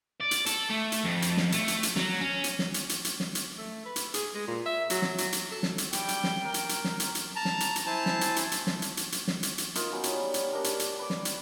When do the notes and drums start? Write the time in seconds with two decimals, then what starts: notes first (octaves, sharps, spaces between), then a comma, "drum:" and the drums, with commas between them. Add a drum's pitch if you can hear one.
0.21 D5
0.31 drum: hi-hat
0.46 A4, drum: hi-hat
0.70 A3
0.92 drum: hi-hat
1.05 F2
1.22 drum: hi-hat
1.37 drum: snare
1.52 A3, drum: hi-hat
1.68 drum: hi-hat
1.83 drum: hi-hat
1.96 F#3, drum: snare
2.21 C#4
2.44 drum: hi-hat
2.59 drum: snare
2.74 drum: hi-hat
2.89 drum: hi-hat
3.05 drum: hi-hat
3.20 drum: snare
3.35 drum: hi-hat
3.58 A3
3.85 B4
3.96 drum: hi-hat
4.14 G#4, drum: hi-hat
4.34 G#3
4.48 A#2
4.66 E5
4.90 F#3, drum: hi-hat
5.02 drum: snare
5.18 F#3, drum: hi-hat
5.32 drum: hi-hat
5.51 A4
5.63 drum: snare
5.78 drum: hi-hat
5.93 G3 G5, drum: hi-hat
6.08 drum: hi-hat
6.24 drum: snare
6.44 A#4
6.54 drum: hi-hat
6.69 drum: hi-hat
6.84 drum: snare
7.00 drum: hi-hat
7.15 drum: hi-hat
7.36 A5 A#5
7.45 drum: snare
7.60 drum: hi-hat
7.76 drum: hi-hat
7.86 E4 C5 G#5 A5
8.06 drum: snare
8.21 drum: hi-hat
8.36 drum: hi-hat
8.52 drum: hi-hat
8.67 drum: snare
8.82 drum: hi-hat
8.97 drum: hi-hat
9.12 drum: hi-hat
9.28 drum: snare
9.43 drum: hi-hat
9.58 drum: hi-hat
9.75 D#4 F4 A#4, drum: hi-hat
9.92 F#3 B3 C#4
10.04 drum: hi-hat
10.13 G3
10.34 drum: hi-hat
10.52 G3 D4 A#4 D#5
10.64 drum: hi-hat
10.79 drum: hi-hat
10.99 B4 D6
11.10 drum: snare
11.25 drum: hi-hat